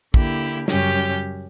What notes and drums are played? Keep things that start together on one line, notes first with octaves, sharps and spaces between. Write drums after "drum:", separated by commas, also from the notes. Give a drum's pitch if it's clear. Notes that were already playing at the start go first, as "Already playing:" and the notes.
D3 A#3 E4 G4, drum: kick
F#2 C#3 G3 C#4 G4, drum: snare